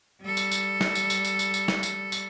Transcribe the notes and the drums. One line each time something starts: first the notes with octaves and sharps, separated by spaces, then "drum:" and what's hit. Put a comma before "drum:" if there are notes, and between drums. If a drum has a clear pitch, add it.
G3 A4
drum: tambourine
drum: tambourine
drum: snare
drum: tambourine
drum: tambourine
drum: tambourine
drum: tambourine
drum: tambourine
drum: snare
drum: tambourine
drum: tambourine